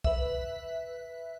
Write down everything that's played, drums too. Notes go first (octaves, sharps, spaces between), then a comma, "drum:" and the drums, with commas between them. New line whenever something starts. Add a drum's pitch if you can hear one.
B4 E5, drum: kick